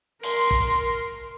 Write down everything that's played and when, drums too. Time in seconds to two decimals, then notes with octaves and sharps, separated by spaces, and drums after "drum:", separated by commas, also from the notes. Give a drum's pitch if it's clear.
0.23 A#4 C6, drum: cymbal
0.51 drum: kick A1